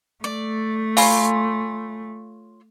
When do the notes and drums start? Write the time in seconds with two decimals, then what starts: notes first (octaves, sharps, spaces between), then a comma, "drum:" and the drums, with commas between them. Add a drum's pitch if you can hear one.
0.24 A3 D5
0.97 F4 C#5 F5 G#5 B5 C6, drum: open hi-hat